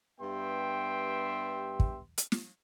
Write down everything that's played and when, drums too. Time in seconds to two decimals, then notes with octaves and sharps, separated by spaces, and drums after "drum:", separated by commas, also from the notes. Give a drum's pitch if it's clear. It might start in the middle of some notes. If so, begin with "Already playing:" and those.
0.21 G2 B3 G4 E5 G5 C6
1.80 drum: kick
2.18 drum: hi-hat
2.32 drum: snare